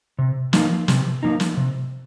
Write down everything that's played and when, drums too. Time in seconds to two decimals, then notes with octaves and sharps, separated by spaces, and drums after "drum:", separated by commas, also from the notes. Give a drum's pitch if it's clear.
0.19 C3
0.53 F3 A#3 D#4, drum: snare
0.88 C3, drum: snare
1.23 F3 A#3 D#4
1.40 drum: snare
1.57 C3